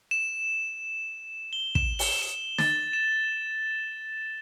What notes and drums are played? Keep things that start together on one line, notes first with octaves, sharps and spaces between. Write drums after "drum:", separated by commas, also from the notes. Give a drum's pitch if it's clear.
E7
G7
E7, drum: kick
G7, drum: open hi-hat
E7
A6, drum: snare
E7